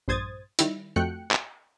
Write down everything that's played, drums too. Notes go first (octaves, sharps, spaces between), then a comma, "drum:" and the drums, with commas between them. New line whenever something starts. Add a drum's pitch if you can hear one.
A#1 G2 C5 D#6 G#6 A6
D#3 G3 E4, drum: hi-hat
F2 A3 F#4 G5 F#6 C#7
drum: clap